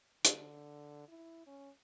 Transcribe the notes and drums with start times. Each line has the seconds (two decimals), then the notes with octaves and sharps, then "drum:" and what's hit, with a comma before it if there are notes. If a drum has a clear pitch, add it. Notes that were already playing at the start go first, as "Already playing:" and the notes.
0.25 D3, drum: hi-hat
1.09 E4
1.47 C#4